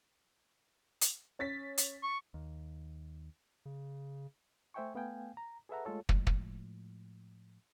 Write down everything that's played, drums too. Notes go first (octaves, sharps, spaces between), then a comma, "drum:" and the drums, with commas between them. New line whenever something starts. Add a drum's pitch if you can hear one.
drum: hi-hat
C#4 A6 B6
drum: hi-hat
C#6
D#2
C#3
A3 C5 E5 G5 G#5 C#6
A3 B3 F5 G5 G#5
A#5
G#4 A4 B4 E5 F#5 A#5
G#3 A3 F4 A4 C#5
A2 F3 G#3, drum: kick
drum: kick